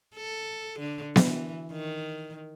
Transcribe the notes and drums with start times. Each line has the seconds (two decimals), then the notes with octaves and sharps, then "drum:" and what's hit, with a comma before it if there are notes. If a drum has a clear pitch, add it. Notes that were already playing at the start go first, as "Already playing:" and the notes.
0.16 A4
0.80 D3
1.16 E3, drum: snare B3
1.72 D#3